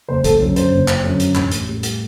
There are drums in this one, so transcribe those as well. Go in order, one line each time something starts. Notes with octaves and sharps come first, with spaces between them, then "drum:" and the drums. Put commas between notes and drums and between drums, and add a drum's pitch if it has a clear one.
F#1 C5
A4, drum: kick C2, hi-hat
F#2 D3
C5, drum: hi-hat
F#1
drum: clap
F#2 D3
drum: hi-hat
A1, drum: clap
drum: hi-hat
A2 G3
drum: hi-hat